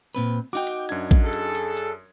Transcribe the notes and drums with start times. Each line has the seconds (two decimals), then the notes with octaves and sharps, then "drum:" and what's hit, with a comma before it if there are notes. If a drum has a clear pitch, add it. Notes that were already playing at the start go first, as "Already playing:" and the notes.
0.15 A#2 C4 B4
0.53 D#4 F#4 G5 D6
0.67 drum: hi-hat
0.89 F#2 D4 G#6, drum: hi-hat
1.11 drum: kick A1, hi-hat
1.24 G#4 A4
1.33 drum: hi-hat
1.55 drum: hi-hat
1.77 drum: hi-hat